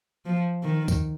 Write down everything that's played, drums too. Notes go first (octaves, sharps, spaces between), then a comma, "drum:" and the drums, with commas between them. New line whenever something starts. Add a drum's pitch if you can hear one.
F3
D#3
drum: kick C#2, tambourine